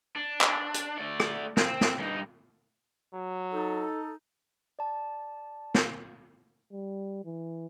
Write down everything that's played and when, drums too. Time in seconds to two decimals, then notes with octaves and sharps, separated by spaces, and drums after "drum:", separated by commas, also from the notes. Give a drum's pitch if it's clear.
0.16 D4
0.41 drum: clap
0.74 drum: hi-hat
0.98 A3 D5
1.20 drum: rim click
1.57 C4, drum: snare
1.81 drum: snare
1.99 G2 D#4
3.14 F#3
3.53 D#4 A4
4.79 D5 A5
5.75 drum: snare
6.72 G3
7.25 E3